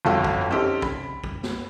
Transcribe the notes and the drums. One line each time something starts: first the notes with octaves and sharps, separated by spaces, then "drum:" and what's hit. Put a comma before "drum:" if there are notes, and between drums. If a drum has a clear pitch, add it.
G1 F2 F#4 A4 F5 G5
drum: kick
C4 C#4 D#4 G4 A4
B5, drum: kick
drum: kick
drum: snare